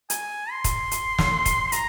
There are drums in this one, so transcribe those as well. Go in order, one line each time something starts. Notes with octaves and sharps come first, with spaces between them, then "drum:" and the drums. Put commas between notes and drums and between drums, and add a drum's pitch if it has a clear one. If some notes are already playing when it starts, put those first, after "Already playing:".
G#5, drum: hi-hat
C6
drum: kick, hi-hat
drum: hi-hat
drum: snare
drum: kick, hi-hat
C6
A#5, drum: hi-hat